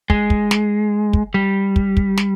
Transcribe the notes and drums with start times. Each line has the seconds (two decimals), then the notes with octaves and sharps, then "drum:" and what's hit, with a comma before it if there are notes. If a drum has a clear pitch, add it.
0.10 G#3, drum: kick
0.30 drum: kick
0.51 drum: snare
1.13 drum: kick
1.34 G3
1.76 drum: kick
1.97 drum: kick
2.17 drum: snare